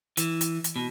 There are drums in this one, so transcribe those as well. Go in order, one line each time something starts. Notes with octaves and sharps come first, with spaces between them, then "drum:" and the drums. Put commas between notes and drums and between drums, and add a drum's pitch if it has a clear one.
E3, drum: hi-hat
drum: hi-hat
drum: hi-hat
B2